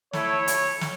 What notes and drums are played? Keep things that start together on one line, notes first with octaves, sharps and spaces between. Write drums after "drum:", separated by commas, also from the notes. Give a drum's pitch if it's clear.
A3 E4 C#5, drum: snare
drum: hi-hat
drum: snare